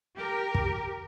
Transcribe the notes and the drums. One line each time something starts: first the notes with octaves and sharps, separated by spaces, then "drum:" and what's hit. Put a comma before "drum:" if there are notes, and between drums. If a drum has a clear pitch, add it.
G4 A#4
drum: kick